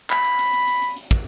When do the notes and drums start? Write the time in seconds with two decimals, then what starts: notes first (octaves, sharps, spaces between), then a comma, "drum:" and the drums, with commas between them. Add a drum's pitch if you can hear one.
0.10 B5, drum: clap
0.25 drum: hi-hat
0.39 drum: hi-hat
0.53 drum: hi-hat
0.68 drum: hi-hat
0.82 drum: hi-hat
0.97 drum: hi-hat
1.11 drum: kick, hi-hat